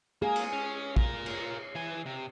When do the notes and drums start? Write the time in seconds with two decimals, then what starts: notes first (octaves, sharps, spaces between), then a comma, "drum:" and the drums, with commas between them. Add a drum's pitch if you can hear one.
0.22 A#3 G#4
0.36 drum: cymbal
0.53 C#4
0.97 F4 A#4, drum: kick
1.26 drum: cymbal
1.75 E3 G#5
2.06 C3